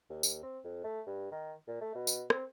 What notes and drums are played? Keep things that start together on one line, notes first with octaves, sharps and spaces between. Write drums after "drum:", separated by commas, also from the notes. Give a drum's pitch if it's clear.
D#2
drum: tambourine
C4
F2
A3
G2
D#3
A#2
A3
B2
drum: tambourine
C4, drum: rim click